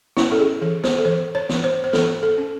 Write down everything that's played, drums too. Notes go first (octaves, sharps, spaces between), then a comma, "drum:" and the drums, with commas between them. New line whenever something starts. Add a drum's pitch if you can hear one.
C#4 E4, drum: snare
A4
G#4
E3 A4
C5, drum: snare
A4
E3 C5
C#5
E3, drum: snare
C5
C5
E3 A4, drum: snare
A4
C#4